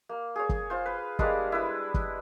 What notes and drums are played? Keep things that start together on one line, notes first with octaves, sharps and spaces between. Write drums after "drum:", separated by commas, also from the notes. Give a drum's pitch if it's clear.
A#3
G#4 C#5
drum: kick
F4 C5
B4
G3 G#3 A#3 D4, drum: kick
E4 B4
drum: kick